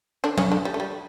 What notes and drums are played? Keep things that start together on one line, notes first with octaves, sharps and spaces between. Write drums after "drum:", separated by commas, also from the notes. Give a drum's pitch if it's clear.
D3 D4
C#3 C#4, drum: tom
D3 D4
G3
A3
G3